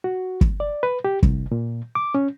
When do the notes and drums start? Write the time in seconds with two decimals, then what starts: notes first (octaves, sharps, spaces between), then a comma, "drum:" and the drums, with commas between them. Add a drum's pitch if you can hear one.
0.04 F#4
0.41 drum: kick
0.60 D5
0.83 B4
1.05 G4
1.23 C2, drum: kick
1.51 A#2
1.95 D6
2.15 C#4